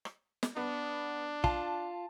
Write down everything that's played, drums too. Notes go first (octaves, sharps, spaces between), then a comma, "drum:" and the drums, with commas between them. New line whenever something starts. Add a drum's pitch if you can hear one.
drum: rim click
drum: snare
B3 D4
F4 A5, drum: kick